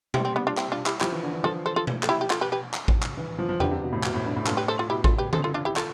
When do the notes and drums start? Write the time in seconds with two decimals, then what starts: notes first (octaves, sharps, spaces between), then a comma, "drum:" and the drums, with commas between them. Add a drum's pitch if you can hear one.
0.14 G3 C4 E4, drum: tom B2
0.25 C4
0.36 B3 D4
0.47 D4 F4
0.57 C4 E4, drum: clap
0.72 D4 F4
0.86 E4 G4, drum: clap
1.01 F3 E4 G4, drum: clap
1.12 E3
1.23 D3
1.33 E3
1.43 F3 F4 A4
1.66 A4 C5
1.76 F4 A4
1.87 drum: tom B2
2.03 A4, drum: clap
2.09 E4 G4
2.21 G4
2.30 F4 A4, drum: clap
2.41 G4 B4
2.52 G4 B4
2.74 drum: clap
2.88 drum: kick A1
3.03 drum: clap
3.17 E3
3.39 F3
3.49 F3
3.60 D3 G4 B4, drum: tom E2
3.71 C3
3.82 B2
3.93 A2
4.03 B2, drum: clap
4.14 A2
4.26 G2
4.36 A2
4.43 G2
4.47 F4 A4, drum: clap
4.51 A2
4.57 G4 B4
4.68 A4 C5
4.79 F4 A4
4.90 B2 E4 G4
5.04 F4 A4, drum: kick A1
5.18 G4 B4
5.33 A4 C5, drum: tom D3
5.44 F4 A4
5.54 D4 F4
5.65 E4 G4
5.76 F4 A4, drum: clap